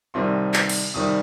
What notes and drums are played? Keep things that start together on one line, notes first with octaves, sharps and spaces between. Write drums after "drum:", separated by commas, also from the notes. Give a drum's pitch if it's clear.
C2 C3 D#3 G3 C6
drum: clap
drum: cymbal
C2 C3 D#3 G3 D#6